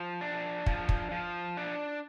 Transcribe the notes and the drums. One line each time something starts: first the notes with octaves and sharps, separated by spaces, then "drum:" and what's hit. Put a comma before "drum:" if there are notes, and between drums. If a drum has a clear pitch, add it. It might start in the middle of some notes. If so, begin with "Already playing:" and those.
Already playing: F3
D4
F3, drum: kick
drum: kick
F3
D4